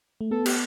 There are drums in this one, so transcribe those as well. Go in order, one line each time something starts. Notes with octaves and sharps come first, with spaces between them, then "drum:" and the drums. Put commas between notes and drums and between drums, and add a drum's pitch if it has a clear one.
A3
B3 A4
G4, drum: cymbal